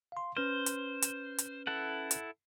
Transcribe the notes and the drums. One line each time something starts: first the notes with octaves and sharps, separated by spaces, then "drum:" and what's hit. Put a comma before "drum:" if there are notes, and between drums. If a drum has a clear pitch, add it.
F5 C6
C#4 B4 C5 F6
drum: hi-hat
drum: hi-hat
drum: hi-hat
E4 A4 F#5
drum: hi-hat